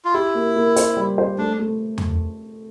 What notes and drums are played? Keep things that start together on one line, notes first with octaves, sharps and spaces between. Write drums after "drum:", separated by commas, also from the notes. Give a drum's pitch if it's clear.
F4
E4 G4
A#3
A#3
C5, drum: hi-hat
G3
C5
A3 D4
A3
drum: tom E2